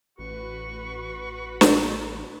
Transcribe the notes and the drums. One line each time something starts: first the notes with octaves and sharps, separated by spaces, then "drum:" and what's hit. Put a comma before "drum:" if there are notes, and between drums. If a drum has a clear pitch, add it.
A1 F#4 B4 C#6
drum: snare